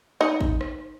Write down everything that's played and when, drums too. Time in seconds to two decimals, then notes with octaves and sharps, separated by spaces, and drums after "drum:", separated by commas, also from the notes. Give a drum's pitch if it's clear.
0.20 D#4 D#5
0.41 drum: kick
0.61 drum: rim click